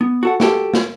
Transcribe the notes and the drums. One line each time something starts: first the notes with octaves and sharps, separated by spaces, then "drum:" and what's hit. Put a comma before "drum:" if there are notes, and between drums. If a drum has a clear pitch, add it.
B3
F#4 A4 F#5
F#4 G4 A4, drum: snare
drum: snare